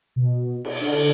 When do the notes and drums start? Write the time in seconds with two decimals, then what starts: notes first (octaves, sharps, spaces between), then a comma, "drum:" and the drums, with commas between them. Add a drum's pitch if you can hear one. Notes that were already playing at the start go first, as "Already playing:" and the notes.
0.16 B2
0.65 drum: cymbal
0.80 D3